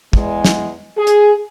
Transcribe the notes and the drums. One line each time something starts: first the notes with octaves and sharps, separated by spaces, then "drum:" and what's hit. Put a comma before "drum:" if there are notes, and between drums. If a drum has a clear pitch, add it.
E2 G#3, drum: kick
drum: snare
G#4
drum: hi-hat